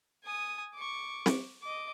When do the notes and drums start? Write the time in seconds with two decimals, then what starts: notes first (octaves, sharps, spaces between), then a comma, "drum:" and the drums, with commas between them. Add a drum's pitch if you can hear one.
0.24 G#5 D#6
0.75 C#6 D6
1.26 drum: snare C4
1.62 D#5 D6